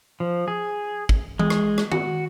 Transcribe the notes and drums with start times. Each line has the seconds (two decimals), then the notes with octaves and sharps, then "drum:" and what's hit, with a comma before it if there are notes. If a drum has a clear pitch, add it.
0.20 F3
0.48 G#4
1.09 drum: kick
1.39 G#3, drum: tom E3
1.50 drum: rim click
1.78 drum: rim click
1.92 F#4, drum: tom